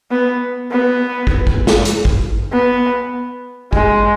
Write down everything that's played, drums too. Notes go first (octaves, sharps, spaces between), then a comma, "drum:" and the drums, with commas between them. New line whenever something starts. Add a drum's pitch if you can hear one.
B3
B3
drum: kick
drum: kick
drum: snare
drum: hi-hat
drum: kick
B3
G#3, drum: kick